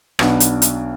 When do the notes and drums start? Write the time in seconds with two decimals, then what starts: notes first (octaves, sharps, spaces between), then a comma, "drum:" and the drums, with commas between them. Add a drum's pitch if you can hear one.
0.19 B1 B2 B3 D4, drum: rim click
0.40 drum: hi-hat
0.62 drum: hi-hat